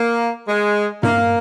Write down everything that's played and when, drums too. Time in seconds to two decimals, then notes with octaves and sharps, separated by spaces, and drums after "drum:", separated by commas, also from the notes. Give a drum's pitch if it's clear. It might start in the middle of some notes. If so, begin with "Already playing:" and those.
Already playing: A#3
0.48 G#3
1.03 A#3, drum: tom G2